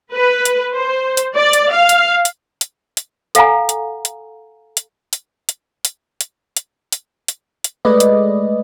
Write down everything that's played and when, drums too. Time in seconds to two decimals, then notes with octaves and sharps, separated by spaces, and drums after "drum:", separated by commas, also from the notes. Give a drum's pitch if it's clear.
0.13 B4
0.45 drum: hi-hat
0.74 C5
1.17 drum: hi-hat
1.35 D5
1.53 drum: hi-hat
1.72 F5
1.89 drum: hi-hat
2.25 drum: hi-hat
2.61 drum: hi-hat
2.97 drum: hi-hat
3.35 A4 F5 F#5 G#5 A#5, drum: hi-hat
3.69 drum: hi-hat
4.05 drum: hi-hat
4.77 drum: hi-hat
5.13 drum: hi-hat
5.49 drum: hi-hat
5.85 drum: hi-hat
6.21 drum: hi-hat
6.57 drum: hi-hat
6.92 drum: hi-hat
7.28 drum: hi-hat
7.64 drum: hi-hat
7.85 G#3 A3 B4 D5 D#5
8.00 drum: hi-hat